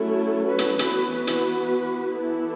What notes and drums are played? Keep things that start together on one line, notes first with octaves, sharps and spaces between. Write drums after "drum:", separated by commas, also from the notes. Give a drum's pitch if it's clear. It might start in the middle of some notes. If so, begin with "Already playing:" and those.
Already playing: F#3 A3 C#4 E4 A4
F#4 B4
drum: hi-hat
E3 B3 F#4 B4, drum: hi-hat
F#4 B4
drum: hi-hat
E3 B3 E4 A4